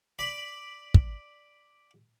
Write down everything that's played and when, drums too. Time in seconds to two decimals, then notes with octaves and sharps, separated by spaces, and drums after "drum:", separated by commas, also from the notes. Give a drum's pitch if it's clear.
0.19 D5 B5
0.94 drum: kick